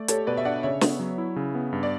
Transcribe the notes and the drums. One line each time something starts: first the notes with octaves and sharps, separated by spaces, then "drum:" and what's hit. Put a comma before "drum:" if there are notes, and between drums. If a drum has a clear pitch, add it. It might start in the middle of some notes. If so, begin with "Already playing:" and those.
Already playing: A3 D5
G4 A4 C#5, drum: hi-hat
B2 B4 D5
E5
D4 D5 F#5
C#3 C#5 E5
B3, drum: snare
F#3
E4
C#3
B3
G2
D5